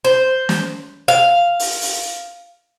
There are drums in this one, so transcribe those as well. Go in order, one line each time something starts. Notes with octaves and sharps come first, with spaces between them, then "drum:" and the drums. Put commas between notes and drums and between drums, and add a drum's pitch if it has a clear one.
C5
drum: snare
F5
drum: open hi-hat
drum: open hi-hat